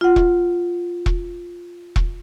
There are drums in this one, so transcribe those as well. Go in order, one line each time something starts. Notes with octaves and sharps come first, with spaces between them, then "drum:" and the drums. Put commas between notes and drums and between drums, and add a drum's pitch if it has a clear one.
F4 F#5
drum: kick E1
drum: kick E1
drum: kick E1